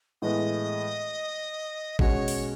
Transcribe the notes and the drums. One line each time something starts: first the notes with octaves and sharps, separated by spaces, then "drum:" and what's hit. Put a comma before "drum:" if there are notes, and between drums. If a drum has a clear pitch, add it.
A2 E3 G#3 B3 E4 D#5
B2 G#3 C#4 F#4 C#5, drum: kick G#1
drum: open hi-hat